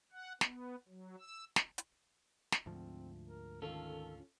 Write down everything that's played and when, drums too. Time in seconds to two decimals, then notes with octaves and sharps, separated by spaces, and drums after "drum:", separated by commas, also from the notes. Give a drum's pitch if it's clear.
0.12 F#5
0.41 B3, drum: snare
0.88 F#3
1.19 E6
1.56 drum: snare
1.78 drum: hi-hat
2.52 drum: snare
2.66 D2 G#2 F3 C4
3.26 A#4
3.62 D#3 C#4 F4 A4